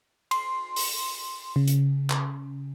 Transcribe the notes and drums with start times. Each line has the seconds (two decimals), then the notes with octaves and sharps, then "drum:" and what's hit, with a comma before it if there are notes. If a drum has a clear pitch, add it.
0.31 C6, drum: cymbal
0.76 drum: open hi-hat
1.56 C#3
1.68 drum: hi-hat
2.10 drum: clap